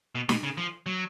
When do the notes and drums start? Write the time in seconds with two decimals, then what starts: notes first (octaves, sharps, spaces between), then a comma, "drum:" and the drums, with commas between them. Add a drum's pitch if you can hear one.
0.15 B2
0.29 B2, drum: snare
0.43 C#3
0.58 F3
0.86 F#3